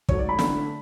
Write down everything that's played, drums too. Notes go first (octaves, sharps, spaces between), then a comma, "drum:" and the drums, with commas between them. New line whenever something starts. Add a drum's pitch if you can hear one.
G#2 F#3 A3 C#5, drum: kick
D5
B5
D3 A3 D4, drum: snare